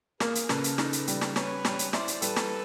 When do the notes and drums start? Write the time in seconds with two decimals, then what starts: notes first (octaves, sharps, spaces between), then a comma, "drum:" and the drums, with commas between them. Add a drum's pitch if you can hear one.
0.20 A#3 G#4 A#4, drum: snare
0.35 drum: hi-hat
0.49 C#3 A4 B4, drum: snare
0.64 drum: hi-hat
0.78 D#4 A4 B4, drum: snare
0.93 drum: hi-hat
1.07 G3, drum: hi-hat
1.21 drum: snare
1.36 C#4 B4 C#5, drum: snare
1.65 G3, drum: snare
1.79 drum: hi-hat
1.93 E4 C5 D5, drum: snare
2.08 drum: hi-hat
2.22 G3 A4 B4, drum: hi-hat
2.36 drum: snare